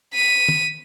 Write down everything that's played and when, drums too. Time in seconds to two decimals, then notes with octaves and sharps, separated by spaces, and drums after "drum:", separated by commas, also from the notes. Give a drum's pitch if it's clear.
0.14 B6 D#7
0.49 drum: tom